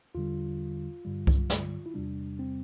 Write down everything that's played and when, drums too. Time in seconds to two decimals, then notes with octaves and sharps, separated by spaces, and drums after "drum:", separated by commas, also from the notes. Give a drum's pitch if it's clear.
0.15 E2 D3 G3 F4
1.05 G2 D3 G3
1.27 drum: kick C2
1.50 drum: snare
1.86 E4
1.94 E2 C3 G3 D4
2.39 C4